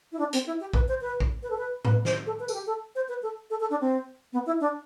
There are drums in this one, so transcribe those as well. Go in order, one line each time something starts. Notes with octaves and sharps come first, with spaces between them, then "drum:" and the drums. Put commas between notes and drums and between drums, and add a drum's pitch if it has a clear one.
E4
D4
C4, drum: hi-hat
E4
G4
B4, drum: kick A#1
C5
B4
drum: kick A#1
B4
A4
B4
B4, drum: tom A2
C5, drum: snare
A4
B4
A4, drum: tambourine
G4
A4
C5
B4
A4
A4
A4
D4
C4
B3
E4
D4